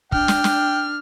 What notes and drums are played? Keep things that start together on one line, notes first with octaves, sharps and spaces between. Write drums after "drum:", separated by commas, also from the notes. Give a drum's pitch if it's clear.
D4 G5 F6, drum: kick
drum: snare
drum: snare